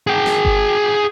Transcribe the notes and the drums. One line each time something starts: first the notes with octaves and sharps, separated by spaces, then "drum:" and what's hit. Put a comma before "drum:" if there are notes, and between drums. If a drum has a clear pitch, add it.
G#4 G5
drum: snare
drum: kick G1